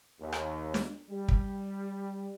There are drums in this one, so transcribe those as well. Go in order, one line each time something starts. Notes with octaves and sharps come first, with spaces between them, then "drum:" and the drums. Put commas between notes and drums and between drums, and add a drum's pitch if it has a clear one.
D#2
drum: rim click
drum: snare
G3
drum: kick